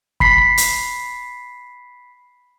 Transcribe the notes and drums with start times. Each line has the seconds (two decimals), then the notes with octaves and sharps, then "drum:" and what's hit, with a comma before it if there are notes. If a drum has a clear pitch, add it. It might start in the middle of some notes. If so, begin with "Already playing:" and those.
0.20 B5 B6 C7, drum: kick
0.57 drum: hi-hat